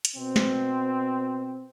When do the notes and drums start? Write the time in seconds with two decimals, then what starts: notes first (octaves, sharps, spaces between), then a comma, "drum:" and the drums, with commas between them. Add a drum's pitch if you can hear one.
0.05 drum: hi-hat
0.15 B2 C4
0.36 drum: snare